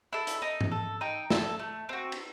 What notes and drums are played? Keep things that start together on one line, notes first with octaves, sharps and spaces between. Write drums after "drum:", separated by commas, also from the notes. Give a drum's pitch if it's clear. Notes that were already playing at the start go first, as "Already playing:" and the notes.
E4 A4
drum: hi-hat
D#4
drum: tom G#2
A4
D#4 G5
A4, drum: snare
A3
C4 F#4
drum: cymbal